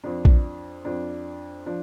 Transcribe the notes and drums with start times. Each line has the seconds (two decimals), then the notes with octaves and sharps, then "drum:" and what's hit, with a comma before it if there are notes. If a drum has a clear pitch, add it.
0.04 F2 F3 D4
0.25 drum: kick A#1
0.85 F2 F3 D4
1.66 F3 D4